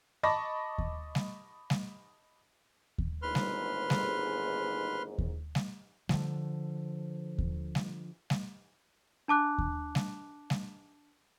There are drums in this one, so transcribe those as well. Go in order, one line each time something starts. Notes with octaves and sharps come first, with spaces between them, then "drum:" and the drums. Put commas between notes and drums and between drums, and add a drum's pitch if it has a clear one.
D#5 A5 B5 C#6 D6 A#6
drum: kick D#2
drum: snare G3
drum: snare G3
drum: kick D#2
G1 D#2 G#2 B4 C6 F6
drum: snare G3
drum: snare G3
drum: kick D#2
drum: snare G3
D3 F3, drum: snare G3
drum: kick D#2
drum: snare G3
drum: snare G3
D4 A5 D6 F#6
drum: kick D#2
drum: snare G3
drum: snare G3